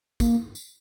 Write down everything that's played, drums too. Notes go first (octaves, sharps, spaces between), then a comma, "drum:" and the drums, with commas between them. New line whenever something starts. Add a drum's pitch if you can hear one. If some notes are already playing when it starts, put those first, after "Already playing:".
A#3, drum: kick, tambourine
drum: tambourine